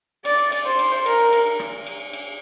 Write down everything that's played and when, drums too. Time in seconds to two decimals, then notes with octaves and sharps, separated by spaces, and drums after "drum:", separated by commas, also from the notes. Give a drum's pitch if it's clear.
0.25 D5, drum: cymbal
0.52 drum: cymbal
0.65 C5
0.79 drum: cymbal
1.06 A#4, drum: cymbal
1.33 drum: cymbal
1.60 drum: rim click
1.87 drum: cymbal
2.13 drum: cymbal